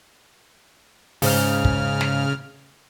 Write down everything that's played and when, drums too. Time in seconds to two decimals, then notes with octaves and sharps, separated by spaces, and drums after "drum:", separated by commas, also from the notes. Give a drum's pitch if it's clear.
1.22 G#2 C#3 F6, drum: open hi-hat
1.65 drum: kick
2.01 drum: snare